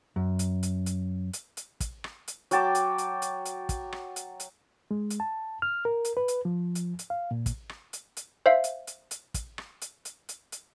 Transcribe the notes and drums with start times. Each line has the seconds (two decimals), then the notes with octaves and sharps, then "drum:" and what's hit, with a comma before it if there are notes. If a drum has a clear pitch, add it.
0.16 F#2
0.39 drum: hi-hat
0.63 drum: hi-hat
0.86 drum: hi-hat
1.33 drum: hi-hat
1.57 drum: hi-hat
1.80 drum: kick, hi-hat
2.04 drum: rim click
2.28 drum: hi-hat
2.51 F#3 G5 A5 D6, drum: hi-hat
2.75 drum: hi-hat
2.98 drum: hi-hat
3.22 drum: hi-hat
3.45 drum: hi-hat
3.69 drum: kick, hi-hat
3.92 drum: rim click
4.16 drum: hi-hat
4.40 drum: hi-hat
4.91 G#3
5.10 drum: hi-hat
5.20 A5
5.62 F6
5.85 A#4
6.05 drum: hi-hat
6.17 B4
6.28 drum: hi-hat
6.45 F3
6.75 drum: hi-hat
6.99 drum: hi-hat
7.10 F5
7.31 A#2
7.46 drum: kick, hi-hat
7.69 drum: rim click
7.93 drum: hi-hat
8.17 drum: hi-hat
8.46 C5 E5 F5
8.64 drum: hi-hat
8.87 drum: hi-hat
9.11 drum: hi-hat
9.34 drum: kick, hi-hat
9.58 drum: rim click
9.81 drum: hi-hat
10.05 drum: hi-hat
10.29 drum: hi-hat
10.52 drum: hi-hat